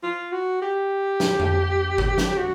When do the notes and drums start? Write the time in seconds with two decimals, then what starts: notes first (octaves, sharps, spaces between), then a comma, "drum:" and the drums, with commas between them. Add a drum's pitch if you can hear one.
0.03 F4
0.32 F#4
0.62 G4
1.20 drum: snare
1.40 drum: tom F2
1.98 drum: kick G1
2.18 drum: snare
2.37 F#4